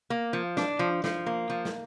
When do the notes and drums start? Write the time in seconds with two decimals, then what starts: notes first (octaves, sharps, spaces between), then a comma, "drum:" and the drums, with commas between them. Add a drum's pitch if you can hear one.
0.10 A#3
0.33 F3
0.57 D4, drum: snare
0.79 F3
1.04 F3, drum: snare
1.26 A#3
1.50 F3
1.65 drum: snare